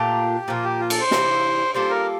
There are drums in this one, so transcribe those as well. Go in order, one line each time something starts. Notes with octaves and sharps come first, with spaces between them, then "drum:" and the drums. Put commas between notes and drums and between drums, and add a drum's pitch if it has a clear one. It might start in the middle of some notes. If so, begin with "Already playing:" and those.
Already playing: A#2 A3 D4 F4 G4
A#2 F3 A#3 F4
G4
F4
A4, drum: cymbal
C5
C3 E3 A#3 E4, drum: snare
G3 A#3 F4 A4 C5
A#4